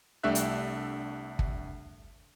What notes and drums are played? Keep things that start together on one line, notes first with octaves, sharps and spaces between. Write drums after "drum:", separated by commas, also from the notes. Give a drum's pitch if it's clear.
C2 A3 D4 G4 E5 F#6
drum: hi-hat
drum: kick